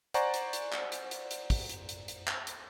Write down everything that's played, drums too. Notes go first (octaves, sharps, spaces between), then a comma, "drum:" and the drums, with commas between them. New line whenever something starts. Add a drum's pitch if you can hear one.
C5 D5 F#5 G#5 A#5 C#6, drum: hi-hat
drum: hi-hat
drum: hi-hat
drum: clap
drum: hi-hat
drum: hi-hat
drum: hi-hat
drum: kick, open hi-hat
drum: hi-hat
drum: hi-hat
drum: hi-hat
drum: clap
drum: hi-hat